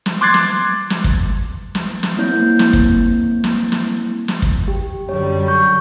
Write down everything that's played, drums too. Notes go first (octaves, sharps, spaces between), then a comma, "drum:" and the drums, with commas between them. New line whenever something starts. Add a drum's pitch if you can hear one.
drum: snare
C6 D6 F#6 G#6 A6 C7
drum: snare
drum: snare
drum: kick
drum: snare
drum: snare
A#3 C4 E4 C#5 G6
drum: snare
drum: kick
drum: snare
drum: snare
drum: snare
drum: kick
G4
F#2 D3 G3 C#5
C#6 G6